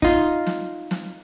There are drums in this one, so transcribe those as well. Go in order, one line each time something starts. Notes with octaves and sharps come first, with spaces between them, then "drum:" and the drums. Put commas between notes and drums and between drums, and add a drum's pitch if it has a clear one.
D#4 F4, drum: kick
drum: snare
drum: snare